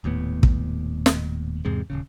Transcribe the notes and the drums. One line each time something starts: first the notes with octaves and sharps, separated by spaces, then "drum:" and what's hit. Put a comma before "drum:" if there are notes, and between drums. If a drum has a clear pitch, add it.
D#1 D#2 A2 B3
drum: kick
drum: snare
E2 G#2 C3 G#3
D#1 A#1 C#3